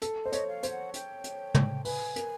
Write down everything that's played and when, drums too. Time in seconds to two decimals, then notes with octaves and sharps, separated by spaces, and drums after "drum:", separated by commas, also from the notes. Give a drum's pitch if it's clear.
0.02 A4, drum: hi-hat
0.25 C5 D#5
0.32 C#5, drum: hi-hat
0.48 F5
0.63 C5, drum: hi-hat
0.70 F#5
0.94 G5, drum: hi-hat
1.24 drum: hi-hat
1.54 drum: tom
1.85 B4 G#5, drum: open hi-hat
2.16 A#4, drum: hi-hat